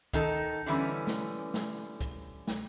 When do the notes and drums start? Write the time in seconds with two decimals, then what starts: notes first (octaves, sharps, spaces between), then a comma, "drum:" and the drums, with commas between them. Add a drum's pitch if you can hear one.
0.13 D#3 D#4 A4, drum: kick, hi-hat
0.66 D3 E3 G3 B3 C#4
1.07 drum: snare
1.54 drum: snare
2.01 drum: kick, hi-hat
2.47 drum: snare